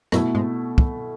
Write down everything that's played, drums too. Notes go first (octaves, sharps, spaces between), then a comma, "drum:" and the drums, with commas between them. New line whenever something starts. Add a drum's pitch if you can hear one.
F#2 B2 F#3 A3 E4 A4, drum: rim click
G#2 G#3
drum: kick